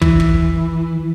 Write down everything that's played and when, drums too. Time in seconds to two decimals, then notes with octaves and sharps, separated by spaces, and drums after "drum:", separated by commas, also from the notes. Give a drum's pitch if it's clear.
0.02 E3, drum: kick
0.20 drum: kick